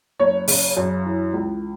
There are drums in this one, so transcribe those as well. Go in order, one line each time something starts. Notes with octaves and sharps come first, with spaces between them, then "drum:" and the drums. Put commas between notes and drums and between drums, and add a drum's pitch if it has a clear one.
F#1 C#5
C#3, drum: open hi-hat
F#2
E3
C#2